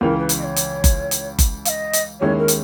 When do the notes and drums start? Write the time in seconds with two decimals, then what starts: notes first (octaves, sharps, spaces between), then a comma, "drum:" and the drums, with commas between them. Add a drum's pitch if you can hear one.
0.01 C#2 C#3 E3 A#4
0.20 B4
0.29 drum: hi-hat
0.39 D#5
0.43 C#5
0.56 drum: hi-hat
0.84 drum: kick F#1, hi-hat
1.11 drum: hi-hat
1.39 drum: kick F#1, hi-hat
1.65 F5, drum: hi-hat
1.69 D#5
1.93 drum: hi-hat
2.20 D#2 D#3 G#3 C#4 E4 C#5
2.39 A#4
2.48 drum: hi-hat